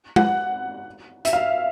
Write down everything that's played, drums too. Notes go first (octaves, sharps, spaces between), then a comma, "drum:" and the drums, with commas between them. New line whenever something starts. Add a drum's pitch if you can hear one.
F#5, drum: tom G#3
E5, drum: hi-hat
F5